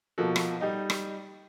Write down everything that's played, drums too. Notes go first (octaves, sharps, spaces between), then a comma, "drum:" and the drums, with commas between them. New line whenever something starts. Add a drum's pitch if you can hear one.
B2 F3 A#3 F#4 A4
drum: rim click
G3 D#4 D#5
drum: rim click